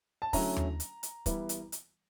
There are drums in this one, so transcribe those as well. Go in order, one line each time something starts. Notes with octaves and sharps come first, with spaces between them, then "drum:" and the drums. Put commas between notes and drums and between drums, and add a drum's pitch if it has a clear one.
A5
D3 F#3 A3 C#4 E4 A#5, drum: kick, open hi-hat
drum: tom D#2
drum: hi-hat
drum: hi-hat
E3 G3 B3 E4, drum: kick, hi-hat
drum: hi-hat
drum: hi-hat